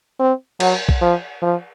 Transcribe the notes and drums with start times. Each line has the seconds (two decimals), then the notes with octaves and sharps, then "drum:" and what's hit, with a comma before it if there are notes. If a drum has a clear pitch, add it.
0.20 C4
0.60 F#3, drum: cymbal
0.89 drum: kick A#1
1.01 F3
1.42 F3